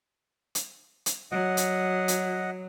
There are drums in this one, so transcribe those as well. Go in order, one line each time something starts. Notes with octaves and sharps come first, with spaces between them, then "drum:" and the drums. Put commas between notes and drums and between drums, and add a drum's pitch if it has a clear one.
drum: hi-hat
drum: hi-hat
F#3 D#5 F#5
drum: hi-hat
drum: hi-hat